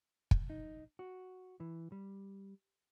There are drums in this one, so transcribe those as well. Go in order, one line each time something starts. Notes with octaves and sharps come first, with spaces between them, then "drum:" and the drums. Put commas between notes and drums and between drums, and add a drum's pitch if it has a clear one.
drum: kick
D#4
F#4
E3
G3